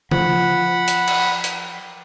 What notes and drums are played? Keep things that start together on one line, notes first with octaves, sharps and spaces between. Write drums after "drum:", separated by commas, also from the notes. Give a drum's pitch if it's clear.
F3 F#5 B5, drum: tom
drum: hi-hat
drum: cymbal
drum: hi-hat